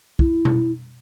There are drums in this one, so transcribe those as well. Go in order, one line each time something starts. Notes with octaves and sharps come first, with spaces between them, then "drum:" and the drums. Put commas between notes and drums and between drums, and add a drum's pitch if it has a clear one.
E4, drum: kick
drum: tom B2